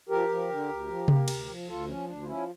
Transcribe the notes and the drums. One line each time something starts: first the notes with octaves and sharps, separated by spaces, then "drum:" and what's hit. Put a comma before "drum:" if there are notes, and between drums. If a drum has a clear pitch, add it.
F3 G4 A#4
F3
D3
D2
F3
A#3, drum: tom C3
D2, drum: cymbal
F3
D2 F4 A4
F3 C#4
D2 D4
F4
F3 C#4 E4